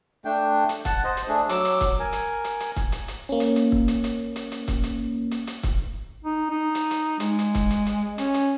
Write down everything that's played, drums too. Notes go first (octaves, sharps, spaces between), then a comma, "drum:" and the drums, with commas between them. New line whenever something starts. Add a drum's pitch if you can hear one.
A3 D4 G5
drum: hi-hat
F#5 A5, drum: kick, hi-hat
C5 D#5
drum: hi-hat
A3 D4 G#4
F#3 D6 E6, drum: hi-hat
drum: hi-hat
drum: kick, hi-hat
A#4 G#5
drum: hi-hat
drum: hi-hat
drum: hi-hat
drum: kick, hi-hat
drum: hi-hat
drum: hi-hat
A#3 C#4
drum: hi-hat
drum: hi-hat
drum: kick
drum: hi-hat
drum: hi-hat
drum: hi-hat
drum: hi-hat
drum: kick, hi-hat
drum: hi-hat
drum: hi-hat
drum: hi-hat
drum: kick, hi-hat
D#4
D#4
drum: hi-hat
drum: hi-hat
G#3, drum: hi-hat
drum: hi-hat
drum: kick, hi-hat
drum: hi-hat
drum: hi-hat
C#4, drum: hi-hat
drum: hi-hat